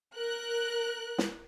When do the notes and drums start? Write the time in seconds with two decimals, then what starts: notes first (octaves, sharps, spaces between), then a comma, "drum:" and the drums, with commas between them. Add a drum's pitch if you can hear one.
0.16 A#4 F#6
1.18 drum: snare